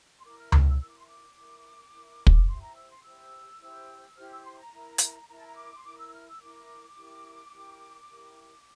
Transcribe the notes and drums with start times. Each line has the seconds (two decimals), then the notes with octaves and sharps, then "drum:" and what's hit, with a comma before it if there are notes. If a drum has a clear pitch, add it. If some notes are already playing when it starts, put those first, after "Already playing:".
0.19 C6
0.24 E4 A#4 D6
0.38 F6
0.52 F6, drum: tom C#2
0.66 E6
0.80 E4 A#4 E6
0.89 D6
0.97 C6
1.07 D6
1.36 E4 A#4
1.92 E4 A#4
2.27 drum: kick
2.48 E4 G4 C5 C6
2.62 A#5
2.76 E6
2.90 C6
3.04 E4 G4 C5 E6
3.60 E4 G4 C5
4.16 E4 G4 C5 F6
4.30 E6
4.44 C6
4.58 A#5
4.73 E4 A#4
4.98 drum: hi-hat
5.28 E4 A#4 A#5
5.37 A5
5.46 A#5
5.56 D6
5.74 C6
5.84 E4 A#4 D6
5.98 E6
6.13 F6
6.27 E6
6.40 E4 A#4 D6
6.97 E4 G4 A#4
7.52 E4 G4 A#4
8.08 E4 G4 A#4